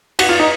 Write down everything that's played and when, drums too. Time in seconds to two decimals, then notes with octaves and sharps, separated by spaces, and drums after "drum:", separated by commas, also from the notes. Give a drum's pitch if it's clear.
0.19 F#4, drum: cymbal
0.29 F4
0.40 D#4